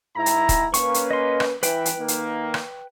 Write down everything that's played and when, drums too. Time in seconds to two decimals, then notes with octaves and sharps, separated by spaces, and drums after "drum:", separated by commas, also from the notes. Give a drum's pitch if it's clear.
0.16 G#2 E4 A#5
0.26 drum: hi-hat
0.49 drum: kick, hi-hat
0.74 A#3 C#4 B4 C#6, drum: hi-hat
0.94 drum: hi-hat
1.11 D#5 C6
1.40 drum: rim click
1.63 E3 B4 G5, drum: hi-hat
1.85 drum: hi-hat
1.98 D#3 A#3 D#4
2.08 drum: hi-hat
2.54 drum: rim click